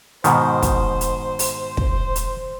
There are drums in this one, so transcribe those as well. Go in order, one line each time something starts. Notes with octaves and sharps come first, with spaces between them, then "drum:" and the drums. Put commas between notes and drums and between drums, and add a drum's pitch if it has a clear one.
G#2 B2 D#3 C5, drum: hi-hat
drum: kick, hi-hat
drum: hi-hat
drum: open hi-hat
drum: kick
drum: hi-hat